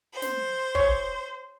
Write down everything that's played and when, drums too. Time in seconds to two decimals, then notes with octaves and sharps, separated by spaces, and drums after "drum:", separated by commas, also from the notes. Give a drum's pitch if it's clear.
0.13 C5
0.22 drum: snare
0.75 C#5, drum: kick